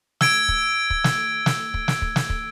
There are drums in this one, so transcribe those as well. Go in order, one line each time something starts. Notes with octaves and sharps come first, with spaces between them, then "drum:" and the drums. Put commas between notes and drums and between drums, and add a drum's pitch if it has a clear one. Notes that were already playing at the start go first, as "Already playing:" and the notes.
E6 G#6 D7, drum: snare
drum: kick
drum: kick
drum: snare
drum: snare
drum: kick
drum: snare
drum: kick
drum: snare
drum: kick